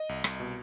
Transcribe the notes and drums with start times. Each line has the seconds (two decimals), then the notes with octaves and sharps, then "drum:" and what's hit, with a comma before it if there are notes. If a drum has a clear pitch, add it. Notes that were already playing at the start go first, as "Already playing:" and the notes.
Already playing: D#5
0.09 C2
0.24 C2, drum: rim click
0.40 B2